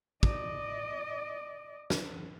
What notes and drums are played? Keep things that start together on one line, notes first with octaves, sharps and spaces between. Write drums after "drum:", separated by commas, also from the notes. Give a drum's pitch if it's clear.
D5 D#5, drum: kick
drum: snare